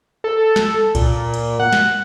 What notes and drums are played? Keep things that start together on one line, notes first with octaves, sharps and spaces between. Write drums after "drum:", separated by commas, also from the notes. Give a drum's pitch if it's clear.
A4
drum: snare
A#2, drum: kick C2, cymbal
drum: cymbal
F#5
drum: snare